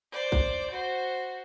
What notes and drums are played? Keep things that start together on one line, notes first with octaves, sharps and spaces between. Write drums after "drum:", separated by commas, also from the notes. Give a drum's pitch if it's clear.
C5 D5
drum: kick
F#4 C5